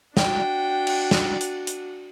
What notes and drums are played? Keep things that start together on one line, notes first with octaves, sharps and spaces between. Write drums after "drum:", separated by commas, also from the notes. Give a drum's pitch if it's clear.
D4 F#4 G5, drum: snare
drum: cymbal
drum: snare
drum: hi-hat
drum: hi-hat